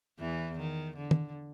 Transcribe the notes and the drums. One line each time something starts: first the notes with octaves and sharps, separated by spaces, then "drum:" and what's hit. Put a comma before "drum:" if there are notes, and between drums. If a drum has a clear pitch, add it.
E2 E3
D#3
D3
drum: tom